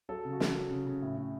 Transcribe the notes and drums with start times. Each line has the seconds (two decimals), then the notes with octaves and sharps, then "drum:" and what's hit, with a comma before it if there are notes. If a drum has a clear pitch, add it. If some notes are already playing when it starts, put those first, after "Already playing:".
0.09 F#3 A4
0.25 C#3
0.33 F#4
0.40 F#3, drum: snare
0.56 F#3
0.71 C#3
0.86 C#3
1.02 A2
1.17 A2